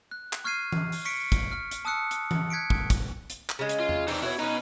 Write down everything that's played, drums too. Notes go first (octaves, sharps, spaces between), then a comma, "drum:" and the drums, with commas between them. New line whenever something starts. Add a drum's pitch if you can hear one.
F#6
drum: clap
C#6 F6 G#6 C7 D#7
drum: tom E3
drum: open hi-hat
C#6 B6 C#7 D7
drum: kick, hi-hat
F6
drum: hi-hat
A5 D#6 E6 F#6 C#7
drum: hi-hat
drum: tom E3
F#6 G#6 B6 C#7 D7
drum: kick
drum: kick, hi-hat
drum: hi-hat
drum: clap
C#3 G#3
drum: hi-hat
F4
drum: tom E2
E3 D4 D#4 C5 G5, drum: open hi-hat
E4 F#4 A#4 B4 C#5
B2 C#4 D#4 B4